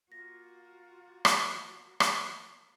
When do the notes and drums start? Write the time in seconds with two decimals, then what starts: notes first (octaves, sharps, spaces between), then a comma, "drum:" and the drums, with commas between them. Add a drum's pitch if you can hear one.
0.12 A#3 F4 F#4 A#6
1.25 drum: rim click
2.00 drum: rim click